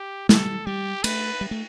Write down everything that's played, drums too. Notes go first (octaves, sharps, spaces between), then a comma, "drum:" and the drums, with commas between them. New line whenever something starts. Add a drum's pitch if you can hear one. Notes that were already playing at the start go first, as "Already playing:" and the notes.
Already playing: G4
G3 A4, drum: snare
G3 G4
A3 B4, drum: cymbal
G3
A3